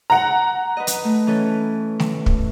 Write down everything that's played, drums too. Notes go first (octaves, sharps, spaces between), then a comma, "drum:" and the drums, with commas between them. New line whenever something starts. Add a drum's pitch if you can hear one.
F#5 A#5
B4 D#5
drum: hi-hat
A3
E3 C#4 A4
drum: snare A3
drum: kick